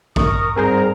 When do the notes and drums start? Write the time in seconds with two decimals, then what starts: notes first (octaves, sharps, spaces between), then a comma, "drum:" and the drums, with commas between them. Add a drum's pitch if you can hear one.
0.16 A#4 C#6 D#6, drum: kick A1
0.56 G#2 G3 C4 G#4 A#4 C5 A#5